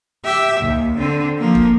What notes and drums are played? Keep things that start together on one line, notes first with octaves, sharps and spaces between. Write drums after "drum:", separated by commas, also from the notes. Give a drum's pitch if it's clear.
G4 E5
D#2, drum: tom
D3 C4
F3 A#3
drum: kick